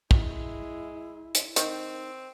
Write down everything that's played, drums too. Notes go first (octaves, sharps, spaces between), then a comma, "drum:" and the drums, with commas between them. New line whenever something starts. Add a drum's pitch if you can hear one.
G#3 E4, drum: kick
drum: hi-hat
D#3 C4, drum: hi-hat